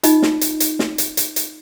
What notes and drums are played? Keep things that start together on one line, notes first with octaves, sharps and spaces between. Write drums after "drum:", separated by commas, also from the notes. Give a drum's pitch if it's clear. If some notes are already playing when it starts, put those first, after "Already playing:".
D#4 F4 D#5, drum: hi-hat
drum: snare
drum: hi-hat
drum: hi-hat
drum: snare
drum: hi-hat
drum: hi-hat
drum: hi-hat